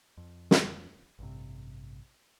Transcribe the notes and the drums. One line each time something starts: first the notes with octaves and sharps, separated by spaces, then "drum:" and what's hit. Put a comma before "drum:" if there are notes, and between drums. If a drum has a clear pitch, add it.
F2
drum: snare
A1 G2 C3